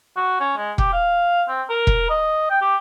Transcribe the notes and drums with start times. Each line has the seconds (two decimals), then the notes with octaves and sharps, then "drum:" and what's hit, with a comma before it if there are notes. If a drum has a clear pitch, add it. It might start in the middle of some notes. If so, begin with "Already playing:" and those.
0.16 F#4
0.40 C#4
0.57 G#3
0.78 G4, drum: kick E1
0.93 F5
1.48 C4
1.70 A#4
1.87 drum: kick E1
2.10 D#5
2.50 G5
2.62 G4